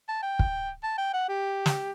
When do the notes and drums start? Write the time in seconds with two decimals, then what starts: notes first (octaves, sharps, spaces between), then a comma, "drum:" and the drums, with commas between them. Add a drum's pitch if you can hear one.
0.08 A5
0.23 G5
0.39 drum: kick
0.83 A5
0.98 G5
1.13 F#5
1.28 G4
1.66 drum: snare